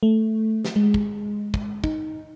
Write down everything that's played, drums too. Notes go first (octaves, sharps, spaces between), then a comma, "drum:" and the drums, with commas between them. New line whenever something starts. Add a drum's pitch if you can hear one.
A3
drum: snare
G#3
drum: kick
drum: kick
D#4, drum: kick